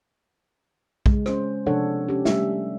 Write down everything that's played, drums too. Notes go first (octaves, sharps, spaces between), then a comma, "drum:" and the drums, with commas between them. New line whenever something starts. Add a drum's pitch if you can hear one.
C#3 G#3, drum: kick B1
C#4 C5, drum: rim click
C3 F3 D4 A4 C#5 F#5
C#4 G4
G3 A3 G4 E5, drum: snare